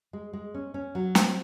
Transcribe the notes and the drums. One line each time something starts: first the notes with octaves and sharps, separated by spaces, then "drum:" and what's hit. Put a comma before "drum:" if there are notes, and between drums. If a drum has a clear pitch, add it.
G#3
G#3
C#4
C#4
F#3
C4, drum: snare